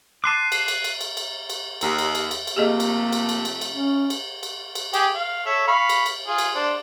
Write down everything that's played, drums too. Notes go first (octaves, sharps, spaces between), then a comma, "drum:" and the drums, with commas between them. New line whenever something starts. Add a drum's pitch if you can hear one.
A5 C6 D6 F#6 C7 D#7
drum: cymbal
drum: cymbal
drum: cymbal
drum: cymbal
drum: cymbal
drum: cymbal
D#2, drum: cymbal
drum: cymbal
drum: cymbal
drum: cymbal
drum: cymbal
C3 F3 A3 A#3 G4 G#4 D#5
drum: cymbal
drum: cymbal
drum: cymbal
drum: cymbal
drum: cymbal
C#4
drum: cymbal
drum: cymbal
drum: cymbal
G4 G#4 G5, drum: cymbal
F5
A4 C#5 E5
F5 B5 C#6
drum: cymbal
drum: cymbal
F4 G#4
drum: cymbal
D4 C5